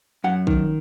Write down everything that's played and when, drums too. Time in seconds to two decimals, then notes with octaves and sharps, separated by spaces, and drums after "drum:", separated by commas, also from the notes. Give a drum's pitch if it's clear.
0.24 F#2 F#5
0.47 D#3, drum: kick